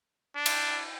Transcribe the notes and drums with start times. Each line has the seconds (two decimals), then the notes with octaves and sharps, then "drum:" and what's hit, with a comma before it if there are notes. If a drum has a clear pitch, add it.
0.36 D4
0.46 drum: cymbal